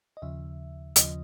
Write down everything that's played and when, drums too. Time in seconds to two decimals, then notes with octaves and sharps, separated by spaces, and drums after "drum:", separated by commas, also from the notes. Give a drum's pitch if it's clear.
0.17 D#5
0.22 D#2 C#3 F3 E5
0.96 D#2 C#3 F3 D#5, drum: hi-hat